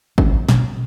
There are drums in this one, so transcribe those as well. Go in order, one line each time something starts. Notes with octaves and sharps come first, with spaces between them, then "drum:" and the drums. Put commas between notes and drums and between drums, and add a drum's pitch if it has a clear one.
C#4, drum: kick G#1
B2, drum: snare